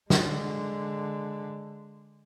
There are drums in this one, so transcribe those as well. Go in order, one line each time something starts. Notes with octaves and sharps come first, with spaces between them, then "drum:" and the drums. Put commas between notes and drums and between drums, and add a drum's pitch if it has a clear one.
D3 G#3, drum: snare